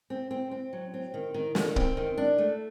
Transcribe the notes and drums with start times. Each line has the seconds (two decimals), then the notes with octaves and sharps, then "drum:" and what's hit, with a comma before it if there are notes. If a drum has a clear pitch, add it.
0.10 C4
0.31 C4
0.51 C4
0.73 F#3
0.94 C4
1.14 D#3
1.34 D#3
1.55 D#3, drum: snare
1.76 C4, drum: kick
1.97 D#3
2.17 D4
2.38 A3